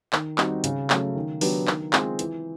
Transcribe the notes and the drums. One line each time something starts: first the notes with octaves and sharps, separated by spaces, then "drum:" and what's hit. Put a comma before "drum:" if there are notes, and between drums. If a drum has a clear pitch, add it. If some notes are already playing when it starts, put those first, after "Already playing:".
D#3, drum: clap
G3 C4 D#4 F#4, drum: clap
C#3, drum: hi-hat
F#3 A3 C#4, drum: clap
D#3
F#3 B3 D4 G4, drum: open hi-hat
D#3, drum: clap
G#3 C4 F4, drum: clap
E3, drum: hi-hat